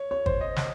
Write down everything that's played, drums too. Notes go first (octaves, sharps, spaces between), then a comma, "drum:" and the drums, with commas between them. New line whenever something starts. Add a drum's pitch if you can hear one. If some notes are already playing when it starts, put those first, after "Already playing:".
Already playing: C#5
C#5
C5, drum: kick
D#5
drum: snare